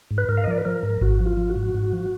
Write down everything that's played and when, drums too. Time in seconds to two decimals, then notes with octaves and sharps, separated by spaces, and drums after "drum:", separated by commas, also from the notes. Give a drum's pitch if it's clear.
0.11 G#2
0.18 B4
0.29 G#2 A#4
0.37 F5
0.44 D#5
0.47 F3 D5
0.58 B4
0.65 F3 A#4
0.83 G#2
1.01 G#2 F#4, drum: kick G#1
1.20 F3
1.26 F4
1.37 F3
1.50 F#4
1.56 G#2
1.74 G#2
1.93 F3